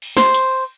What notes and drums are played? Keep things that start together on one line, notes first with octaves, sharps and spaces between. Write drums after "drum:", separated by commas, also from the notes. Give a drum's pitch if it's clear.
drum: cymbal
C5, drum: snare
drum: hi-hat